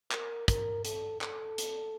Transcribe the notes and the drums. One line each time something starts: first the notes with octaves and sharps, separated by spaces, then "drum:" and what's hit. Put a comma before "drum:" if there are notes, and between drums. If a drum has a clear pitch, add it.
A#4, drum: clap
A#4, drum: kick, hi-hat
A4, drum: hi-hat
A4, drum: clap
drum: hi-hat